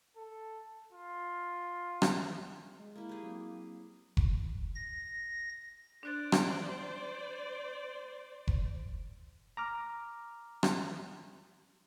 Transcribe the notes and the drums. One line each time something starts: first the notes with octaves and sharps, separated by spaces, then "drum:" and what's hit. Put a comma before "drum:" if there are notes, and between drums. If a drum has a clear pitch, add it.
A4
F4
drum: rim click
G#3
A#3 E4
G4 G#4
F#3 A#3 C4
drum: kick F1
A#6
D4 C5 D5 F#6 A6
drum: rim click
drum: kick F1
A#5 D6 F6
drum: rim click